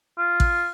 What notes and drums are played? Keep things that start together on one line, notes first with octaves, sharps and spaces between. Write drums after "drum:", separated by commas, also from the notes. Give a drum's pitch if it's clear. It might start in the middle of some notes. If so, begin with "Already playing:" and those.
F4
drum: kick A1